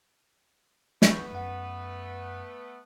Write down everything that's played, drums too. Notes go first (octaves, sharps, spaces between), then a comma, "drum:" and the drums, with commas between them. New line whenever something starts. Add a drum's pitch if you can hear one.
A3 B3 B4 B5 C#6 G6, drum: snare
F#2 F#5